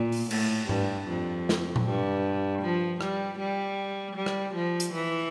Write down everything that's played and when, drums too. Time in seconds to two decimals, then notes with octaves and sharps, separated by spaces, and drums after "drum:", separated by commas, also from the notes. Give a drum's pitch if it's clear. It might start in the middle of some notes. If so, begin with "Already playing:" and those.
Already playing: A#2
0.12 drum: open hi-hat
0.31 A2, drum: cymbal
0.69 G2, drum: tom G#2
1.07 F2
1.49 drum: snare
1.76 drum: tom A#2
1.85 G2
2.62 F3
3.01 G3, drum: rim click
3.39 G3
4.16 G3
4.26 drum: rim click
4.54 F3
4.80 drum: hi-hat
4.93 E3